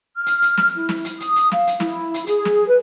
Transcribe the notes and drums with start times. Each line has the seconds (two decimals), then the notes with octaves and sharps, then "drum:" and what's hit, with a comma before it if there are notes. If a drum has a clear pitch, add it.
0.17 F6
0.26 drum: hi-hat
0.42 drum: hi-hat
0.58 drum: snare
0.76 E4
0.89 drum: snare
1.05 drum: hi-hat
1.20 D#6, drum: hi-hat
1.36 drum: hi-hat
1.52 F5, drum: snare
1.67 drum: hi-hat
1.80 E4, drum: snare
2.14 drum: hi-hat
2.27 G#4, drum: hi-hat
2.45 drum: snare
2.68 B4